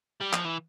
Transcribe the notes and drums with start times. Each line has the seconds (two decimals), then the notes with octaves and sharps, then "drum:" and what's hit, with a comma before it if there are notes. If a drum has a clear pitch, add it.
0.21 G3
0.33 F3, drum: clap
0.45 E3